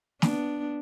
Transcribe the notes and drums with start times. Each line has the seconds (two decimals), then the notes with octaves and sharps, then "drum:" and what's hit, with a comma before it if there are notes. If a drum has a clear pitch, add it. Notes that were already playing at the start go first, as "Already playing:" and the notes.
0.22 B3 D4, drum: snare